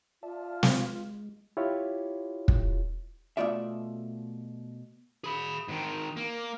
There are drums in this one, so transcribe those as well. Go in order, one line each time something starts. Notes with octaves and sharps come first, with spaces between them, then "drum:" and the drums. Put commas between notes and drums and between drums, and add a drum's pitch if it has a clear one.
F4 D5 E5 A5
G#3, drum: snare
E4 F4 G4 C#5
drum: kick
B2 E3 A3 F4 D5 E5
G#4 B5
G#2 D#3
A#3